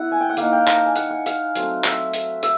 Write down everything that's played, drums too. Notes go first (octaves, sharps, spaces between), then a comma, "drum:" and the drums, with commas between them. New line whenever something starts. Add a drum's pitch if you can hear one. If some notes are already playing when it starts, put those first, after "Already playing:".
Already playing: B3 E4 F#5
G#5
G5
F#5
A#3 D#4 F5, drum: hi-hat
G5
A#5, drum: clap
A5
G#5
F#5, drum: hi-hat
F#5
F5, drum: hi-hat
F#3 A3 C4, drum: hi-hat
E5, drum: clap
drum: hi-hat
E5, drum: hi-hat